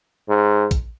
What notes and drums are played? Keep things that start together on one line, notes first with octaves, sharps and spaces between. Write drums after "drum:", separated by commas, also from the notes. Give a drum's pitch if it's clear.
G#2
drum: kick, hi-hat